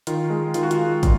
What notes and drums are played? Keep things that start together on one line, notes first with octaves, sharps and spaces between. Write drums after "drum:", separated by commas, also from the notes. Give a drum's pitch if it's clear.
D#3 F4, drum: hi-hat
G#3
D#3 F4, drum: hi-hat
F#4
F4, drum: hi-hat
G#3
A#2, drum: kick, hi-hat